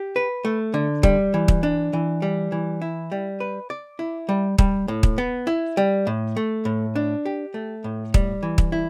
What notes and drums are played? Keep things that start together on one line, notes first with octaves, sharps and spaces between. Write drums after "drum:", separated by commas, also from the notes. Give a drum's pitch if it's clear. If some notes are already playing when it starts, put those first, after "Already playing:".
Already playing: G4
B4
A3
D3
G3, drum: kick
E3
drum: kick
D4
E3
G3
E3
E4
G3
B4
D5
E4
G3
G3, drum: kick
A2
drum: kick
B3
E4
G3
A2
A3
A2
D4
G4
A3
A2
G3, drum: kick
E3
drum: kick
E4